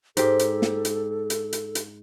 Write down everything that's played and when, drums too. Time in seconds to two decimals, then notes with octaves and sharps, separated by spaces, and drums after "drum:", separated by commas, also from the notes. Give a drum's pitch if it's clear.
0.17 G#2 G4 A4, drum: hi-hat
0.39 drum: hi-hat
0.62 drum: snare
0.85 drum: hi-hat
1.30 drum: hi-hat
1.53 drum: hi-hat
1.75 drum: hi-hat